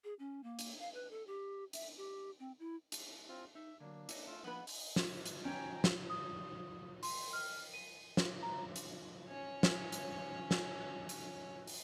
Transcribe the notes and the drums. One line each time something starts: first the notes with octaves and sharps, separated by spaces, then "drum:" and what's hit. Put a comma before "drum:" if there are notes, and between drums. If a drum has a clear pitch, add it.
G#4
C#4
A#3
drum: hi-hat
F5
B4
A4
G4
E5, drum: hi-hat
G4
C4
E4
drum: hi-hat
C4 F4
D#4 E5
D3 F#3 A#3 D4
E4 C#5 D#5, drum: hi-hat
A3 F4 E6
F3 A#3 B3 D4 B4 F#6
drum: open hi-hat
drum: snare
drum: hi-hat
C#4 G5 G#5 A#5
drum: snare
D#6
C6, drum: open hi-hat
F6
D#7
drum: snare
A#5
drum: hi-hat
C#4 C#5
drum: snare
drum: hi-hat
drum: snare
drum: hi-hat
drum: open hi-hat